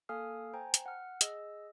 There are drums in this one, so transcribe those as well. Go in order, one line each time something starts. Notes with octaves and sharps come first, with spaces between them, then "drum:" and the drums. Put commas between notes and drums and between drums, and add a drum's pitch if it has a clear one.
A#3 A4 F5 G#5 D#6 F6
C5 G5 G#5 A#5
drum: hi-hat
F#5 F6
G#4 D#5 E6, drum: hi-hat